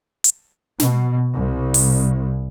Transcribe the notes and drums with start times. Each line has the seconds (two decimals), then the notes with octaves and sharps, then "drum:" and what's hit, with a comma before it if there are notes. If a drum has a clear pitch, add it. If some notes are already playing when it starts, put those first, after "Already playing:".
0.24 drum: hi-hat
0.80 B2, drum: snare
1.34 C2
1.74 drum: open hi-hat